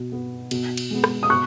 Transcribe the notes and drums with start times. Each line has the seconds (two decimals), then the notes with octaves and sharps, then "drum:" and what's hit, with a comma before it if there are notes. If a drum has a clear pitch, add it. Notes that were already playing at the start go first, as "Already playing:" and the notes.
Already playing: B2
0.12 B3
0.51 B2, drum: cymbal
0.77 drum: cymbal
0.91 G#3 B3
1.04 drum: rim click
1.23 D#6
1.30 B2 C#6 F#6